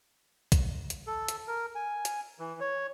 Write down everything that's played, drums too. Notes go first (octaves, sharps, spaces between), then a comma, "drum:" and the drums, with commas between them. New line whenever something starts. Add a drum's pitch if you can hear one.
drum: kick A#1, hi-hat
drum: hi-hat
A4
drum: hi-hat
A#4
G#5
drum: hi-hat
E3
C#5